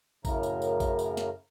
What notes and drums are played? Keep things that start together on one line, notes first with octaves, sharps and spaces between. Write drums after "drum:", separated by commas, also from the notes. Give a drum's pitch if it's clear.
F#2 A2 C#3 A#4, drum: kick A1, tambourine
drum: tambourine
drum: tambourine
drum: kick A1, tambourine
drum: tambourine
drum: snare